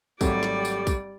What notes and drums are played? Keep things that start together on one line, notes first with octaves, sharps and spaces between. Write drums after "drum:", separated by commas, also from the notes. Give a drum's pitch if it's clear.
G#1 F#3 G3 A3 G4 D5, drum: kick, tambourine
drum: snare
drum: tambourine
drum: kick, tambourine